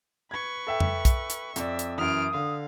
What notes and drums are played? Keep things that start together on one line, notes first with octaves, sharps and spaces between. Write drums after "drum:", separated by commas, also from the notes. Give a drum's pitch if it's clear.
B4 C#6 G#6
A4 E5 G5
drum: tom F2
drum: kick, hi-hat
drum: hi-hat
F2 D5 E5, drum: hi-hat
drum: hi-hat
F#2 E3 D#6 F6 D7
D3 F5